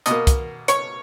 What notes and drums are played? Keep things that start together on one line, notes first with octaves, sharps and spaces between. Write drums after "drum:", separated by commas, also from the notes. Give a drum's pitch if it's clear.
B2 A#3 D#5, drum: hi-hat
drum: kick, hi-hat
C#5, drum: hi-hat